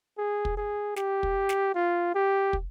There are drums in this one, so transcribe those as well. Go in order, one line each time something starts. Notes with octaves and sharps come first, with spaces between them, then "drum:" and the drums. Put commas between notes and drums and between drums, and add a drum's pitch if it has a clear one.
G#4
drum: kick
G#4
G4, drum: snare
drum: kick
drum: snare
F4
G4
drum: kick